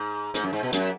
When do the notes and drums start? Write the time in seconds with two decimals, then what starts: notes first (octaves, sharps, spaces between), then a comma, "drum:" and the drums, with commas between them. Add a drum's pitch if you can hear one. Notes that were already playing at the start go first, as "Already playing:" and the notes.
Already playing: G#2
0.34 G#2, drum: hi-hat
0.44 F#2
0.53 G#2
0.63 B2
0.73 F#2, drum: hi-hat